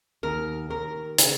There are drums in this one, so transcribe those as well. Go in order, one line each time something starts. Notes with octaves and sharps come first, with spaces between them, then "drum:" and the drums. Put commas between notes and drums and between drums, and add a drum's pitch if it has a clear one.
D#2 A#4
D#2 A#4
C#3, drum: hi-hat